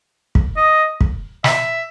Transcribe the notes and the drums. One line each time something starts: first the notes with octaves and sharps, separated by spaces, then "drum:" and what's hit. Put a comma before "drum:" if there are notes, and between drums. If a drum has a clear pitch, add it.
drum: kick
D#5
drum: kick
E5, drum: snare